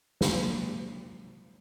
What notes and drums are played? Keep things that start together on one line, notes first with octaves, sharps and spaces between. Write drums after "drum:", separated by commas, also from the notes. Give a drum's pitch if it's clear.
F#3 G#3 A#3, drum: snare